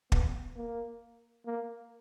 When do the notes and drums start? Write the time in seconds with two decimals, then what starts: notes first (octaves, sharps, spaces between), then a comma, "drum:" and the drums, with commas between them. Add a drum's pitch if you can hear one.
0.12 B3, drum: kick
0.56 A#3
1.46 A#3